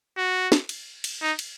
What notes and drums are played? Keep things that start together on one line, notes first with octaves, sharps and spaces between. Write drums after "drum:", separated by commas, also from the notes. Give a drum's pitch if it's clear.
F#4
drum: snare
drum: cymbal
drum: cymbal
D#4
drum: cymbal